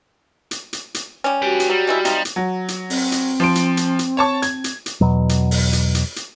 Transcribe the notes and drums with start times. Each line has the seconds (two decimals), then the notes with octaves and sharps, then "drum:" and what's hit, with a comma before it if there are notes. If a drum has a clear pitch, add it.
0.51 drum: hi-hat
0.73 drum: hi-hat
0.94 drum: hi-hat
1.24 G3 C#4
1.42 F#4 G4 B4 G5
1.60 drum: hi-hat
1.70 F#3 G3
1.87 F#3 G#3 E4
2.05 C3 F3 D#4, drum: hi-hat
2.25 drum: hi-hat
2.36 F#3
2.68 drum: hi-hat
2.90 C4, drum: open hi-hat
3.12 drum: hi-hat
3.40 F3 C6 D7
3.55 drum: hi-hat
3.77 drum: hi-hat
3.99 drum: hi-hat
4.17 C#5 A5 C#6
4.42 G#6, drum: hi-hat
4.64 drum: hi-hat
4.86 drum: hi-hat
5.01 E2 B2 F#3
5.29 drum: hi-hat
5.51 drum: open hi-hat
5.73 drum: hi-hat
5.95 drum: hi-hat
6.16 drum: hi-hat